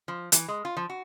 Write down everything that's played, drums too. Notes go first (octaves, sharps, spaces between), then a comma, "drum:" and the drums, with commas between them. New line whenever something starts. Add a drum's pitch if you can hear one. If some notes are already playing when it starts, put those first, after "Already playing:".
F3
E3, drum: hi-hat
G#3
F4
F3
F#4